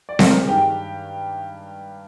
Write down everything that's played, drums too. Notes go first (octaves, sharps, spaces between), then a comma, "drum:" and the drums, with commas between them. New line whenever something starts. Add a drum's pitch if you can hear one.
D5
C5, drum: snare C4
A#4
G#4
G2 D#3 G4